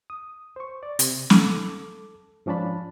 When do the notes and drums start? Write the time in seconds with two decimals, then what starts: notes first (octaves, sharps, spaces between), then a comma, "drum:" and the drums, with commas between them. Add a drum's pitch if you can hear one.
0.10 D#6
0.56 C5 C#6
0.83 D5
0.99 C3, drum: hi-hat
1.30 drum: snare
1.40 A4 D6
2.46 G#2 F3 C#4 D4 A5 B5